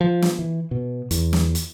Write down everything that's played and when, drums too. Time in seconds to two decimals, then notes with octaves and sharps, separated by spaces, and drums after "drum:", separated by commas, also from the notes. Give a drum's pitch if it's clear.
0.01 F3
0.22 drum: snare
0.39 E3
0.71 B2
1.11 E2, drum: hi-hat
1.33 drum: snare
1.55 drum: hi-hat